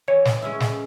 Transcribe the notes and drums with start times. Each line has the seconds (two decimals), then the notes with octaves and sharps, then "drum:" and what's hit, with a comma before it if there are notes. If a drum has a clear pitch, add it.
0.08 E3 C#5
0.25 drum: snare
0.42 G#3 C#4 E4
0.60 drum: snare